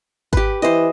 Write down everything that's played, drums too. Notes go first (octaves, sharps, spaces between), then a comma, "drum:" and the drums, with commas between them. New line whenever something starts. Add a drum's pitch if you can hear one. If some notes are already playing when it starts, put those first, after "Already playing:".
G4 B4, drum: kick G#1
E3 C5 D#5